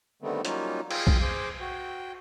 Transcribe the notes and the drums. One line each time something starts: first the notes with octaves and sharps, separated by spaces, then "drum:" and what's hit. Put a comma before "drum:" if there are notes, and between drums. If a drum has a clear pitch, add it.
D3 D#3 G3 A3 B3 C4
F#3 G3 A#3 C#4 D#4 F4, drum: hi-hat
F4 G#4 F5 G5, drum: cymbal
drum: kick
G#4 C5 D6
F#4 G5